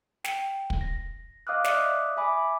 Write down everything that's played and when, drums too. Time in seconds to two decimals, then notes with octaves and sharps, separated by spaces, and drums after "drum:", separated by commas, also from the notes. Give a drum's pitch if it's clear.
0.24 G5, drum: snare
0.70 drum: kick
0.81 A#6
1.47 D#5 F5 D6 D#6 F6 F#6
1.64 D5 E5 D6 D#6 F#6, drum: snare
2.17 E5 G#5 B5 D6